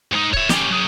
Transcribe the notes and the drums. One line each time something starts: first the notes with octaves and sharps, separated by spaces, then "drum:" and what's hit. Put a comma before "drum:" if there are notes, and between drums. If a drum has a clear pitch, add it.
G#2 D#4
C#5 E5, drum: kick C#1
C#4 G4, drum: snare
F#3 G#4